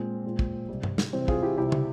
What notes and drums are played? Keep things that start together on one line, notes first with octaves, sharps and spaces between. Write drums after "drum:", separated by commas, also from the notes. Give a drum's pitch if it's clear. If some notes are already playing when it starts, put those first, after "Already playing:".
Already playing: A#2 G#3 C4
A#2 G#3
drum: kick
C3 G3
drum: tom
drum: snare
C3 E3 G3 C4
F4 G#4, drum: kick
E4 G4
C3 G3 E4 G4
drum: tom